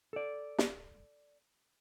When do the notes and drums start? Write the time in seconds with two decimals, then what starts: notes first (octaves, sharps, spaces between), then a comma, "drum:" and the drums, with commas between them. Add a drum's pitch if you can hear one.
0.13 A4 D5
0.59 drum: snare